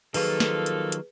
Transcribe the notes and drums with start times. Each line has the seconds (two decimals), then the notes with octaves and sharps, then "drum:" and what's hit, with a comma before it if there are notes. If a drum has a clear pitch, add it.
0.14 D#3 F3 F#3 A#3 F4 G#4 A4 B4, drum: open hi-hat
0.40 drum: snare
0.66 drum: hi-hat
0.92 drum: hi-hat